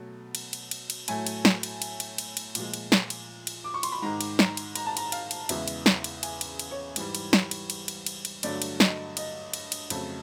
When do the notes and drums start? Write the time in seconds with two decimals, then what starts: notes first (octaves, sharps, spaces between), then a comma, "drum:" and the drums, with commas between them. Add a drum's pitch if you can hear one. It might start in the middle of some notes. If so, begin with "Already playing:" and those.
Already playing: B2 F#3 A3
0.35 drum: cymbal
0.53 drum: cymbal
0.71 drum: cymbal
0.90 drum: cymbal
1.08 A2 F#3 A3 G#5, drum: cymbal
1.27 drum: cymbal
1.45 drum: snare
1.63 drum: cymbal
1.82 drum: cymbal
2.00 drum: cymbal
2.18 drum: cymbal
2.37 drum: cymbal
2.55 A#2 F3 G#3, drum: cymbal
2.74 drum: cymbal
2.92 drum: snare
3.10 drum: cymbal
3.47 drum: cymbal
3.64 D6
3.74 C#6
3.83 C6, drum: cymbal
3.92 B5
4.02 G#2 D#3 G#3 A#5
4.21 drum: cymbal
4.39 A#5, drum: snare
4.57 drum: cymbal
4.75 A#5, drum: cymbal
4.86 A5
4.97 A#5, drum: cymbal
5.12 F5, drum: cymbal
5.31 drum: cymbal
5.49 E2 C#3 E3 G#3 E5, drum: cymbal
5.68 drum: cymbal
5.86 drum: snare
6.04 drum: cymbal
6.23 G#5, drum: cymbal
6.41 drum: cymbal
6.59 drum: cymbal
6.71 C#5
6.96 G#2 E3 G3, drum: cymbal
7.15 drum: cymbal
7.33 drum: snare
7.51 drum: cymbal
7.70 drum: cymbal
7.88 drum: cymbal
8.06 drum: cymbal
8.25 drum: cymbal
8.43 G2 D3 F#3 A3 D5, drum: cymbal
8.62 drum: cymbal
8.80 D#5, drum: snare
9.17 D#5, drum: cymbal
9.53 drum: cymbal
9.72 drum: cymbal
9.90 F2 C#3 F#3 A3, drum: cymbal